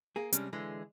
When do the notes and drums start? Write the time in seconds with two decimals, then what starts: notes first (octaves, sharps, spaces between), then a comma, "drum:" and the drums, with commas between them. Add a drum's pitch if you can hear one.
0.16 A#3 G#4
0.32 C3 G3 G#3 C#4 D4, drum: hi-hat
0.53 D3 E3 G#3